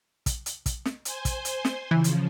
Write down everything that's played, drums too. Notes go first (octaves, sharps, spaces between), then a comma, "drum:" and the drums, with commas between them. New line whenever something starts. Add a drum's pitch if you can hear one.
drum: kick, hi-hat
drum: hi-hat
drum: kick, hi-hat
drum: snare
C5 G#5 C6, drum: hi-hat
drum: kick, hi-hat
drum: hi-hat
drum: snare
C#3 E3 F3
drum: hi-hat